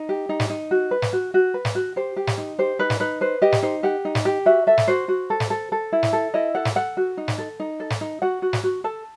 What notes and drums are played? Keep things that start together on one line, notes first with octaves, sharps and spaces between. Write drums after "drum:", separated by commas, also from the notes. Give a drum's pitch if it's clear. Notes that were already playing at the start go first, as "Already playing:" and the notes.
Already playing: D#4
G4
D#4
drum: snare
D#4
F#4
B4
drum: snare
F#4
F#4
B4
drum: snare
F#4
G4 C5
G4
drum: snare
D#4
G4 C5
D#4 B4
drum: snare
D#4 B4
B4 C5
G4 D#5
drum: snare
D#4 C5
G4 F#5
D#4
drum: snare
G4
F#4 E5
A4 E5
drum: snare
F#4 C5
F#4
A4
drum: snare
A4
A4
E4
drum: snare
A4
E4 D#5
A4 F#5
drum: snare
A4 F#5
F#4
D#4
drum: snare
A4
D#4
A4
drum: snare
D#4
F#4 F#5
F#4
drum: snare
F#4
A4 A5